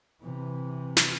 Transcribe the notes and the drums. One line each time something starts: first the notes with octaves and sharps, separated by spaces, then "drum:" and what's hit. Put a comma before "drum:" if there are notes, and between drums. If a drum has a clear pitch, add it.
C3 E3
drum: snare